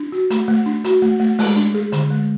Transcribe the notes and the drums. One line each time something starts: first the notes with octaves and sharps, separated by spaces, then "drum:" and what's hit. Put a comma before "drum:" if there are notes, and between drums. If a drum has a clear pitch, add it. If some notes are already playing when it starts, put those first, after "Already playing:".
Already playing: D4
F#4
A3, drum: hi-hat
A3
D4
F#4, drum: hi-hat
A3
A3
G#3, drum: open hi-hat
D4
G#4
D3, drum: hi-hat
G#3